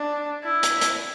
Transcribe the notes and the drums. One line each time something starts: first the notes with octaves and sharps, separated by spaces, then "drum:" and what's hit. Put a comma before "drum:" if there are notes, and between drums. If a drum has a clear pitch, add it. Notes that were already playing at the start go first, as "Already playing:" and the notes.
Already playing: D4
E4
drum: hi-hat
drum: hi-hat